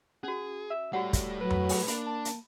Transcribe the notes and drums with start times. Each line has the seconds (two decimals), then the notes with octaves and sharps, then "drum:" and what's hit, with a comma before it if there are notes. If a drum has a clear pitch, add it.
0.23 C#4 F#4 G#4
0.70 E5
0.93 G3 A3 F#4 C#5 F#5
1.13 drum: kick, hi-hat
1.41 F#3 B4
1.50 drum: tom F2
1.69 drum: open hi-hat
1.88 A#3 D4 B5, drum: hi-hat
2.06 A5
2.25 drum: hi-hat